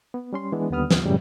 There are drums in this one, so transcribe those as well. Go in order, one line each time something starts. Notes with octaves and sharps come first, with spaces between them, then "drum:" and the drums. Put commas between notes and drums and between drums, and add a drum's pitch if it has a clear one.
B3
G3 C#4 C6
E3 G#3 B3 D4
D#2 D3 G3 B3 D#6 F6
drum: snare
F#2 A2 C#3 E3 F#3 G3